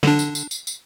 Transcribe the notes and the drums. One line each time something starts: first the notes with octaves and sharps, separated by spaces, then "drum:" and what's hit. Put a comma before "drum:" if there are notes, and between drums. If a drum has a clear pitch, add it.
D3 D4, drum: snare
drum: tambourine
drum: tambourine
drum: tambourine
drum: tambourine